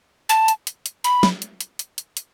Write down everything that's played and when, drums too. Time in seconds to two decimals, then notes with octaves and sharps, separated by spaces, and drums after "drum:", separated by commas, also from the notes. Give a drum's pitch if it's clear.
0.29 A5, drum: hi-hat
0.48 drum: hi-hat
0.67 drum: hi-hat
0.86 drum: hi-hat
1.04 B5, drum: hi-hat
1.23 drum: snare
1.42 drum: hi-hat
1.61 drum: hi-hat
1.79 drum: hi-hat
1.98 drum: hi-hat
2.17 drum: hi-hat